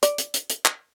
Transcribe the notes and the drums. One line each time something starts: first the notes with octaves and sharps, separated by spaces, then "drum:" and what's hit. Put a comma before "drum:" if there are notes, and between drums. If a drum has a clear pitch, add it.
D5, drum: hi-hat
drum: hi-hat
drum: hi-hat
drum: hi-hat
drum: clap